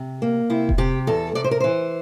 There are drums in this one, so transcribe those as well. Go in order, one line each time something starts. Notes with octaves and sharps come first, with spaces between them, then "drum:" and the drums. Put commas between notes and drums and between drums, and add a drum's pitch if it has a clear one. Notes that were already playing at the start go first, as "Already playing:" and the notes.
Already playing: C3
A#3
C3 E4
drum: kick E1
C3 G4
E2 A4
C3 D5
C5
A#4
E3 C5